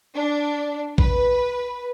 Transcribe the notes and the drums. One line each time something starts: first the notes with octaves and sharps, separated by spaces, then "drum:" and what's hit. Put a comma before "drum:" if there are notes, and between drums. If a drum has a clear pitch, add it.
D4
B4, drum: kick A#1